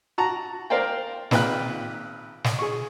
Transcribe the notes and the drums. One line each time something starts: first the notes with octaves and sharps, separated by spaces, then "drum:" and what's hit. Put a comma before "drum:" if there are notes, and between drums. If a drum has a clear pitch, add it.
F#4 F#5 A5 A#5
A#4 C5 D5 F5 G5
G#1 A#2 B4 F5 G5 F#6, drum: snare
drum: snare
G#4 C#6